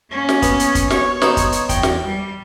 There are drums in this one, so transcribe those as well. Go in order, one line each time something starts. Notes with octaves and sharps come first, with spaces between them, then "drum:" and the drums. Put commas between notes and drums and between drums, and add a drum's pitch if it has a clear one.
A#3 C#4
drum: snare
B3, drum: kick, hi-hat
drum: hi-hat
drum: kick, hi-hat
C#5, drum: snare
B3 D#4 C5, drum: snare
drum: kick, hi-hat
drum: hi-hat
E2 G5, drum: kick, hi-hat
drum: snare
G3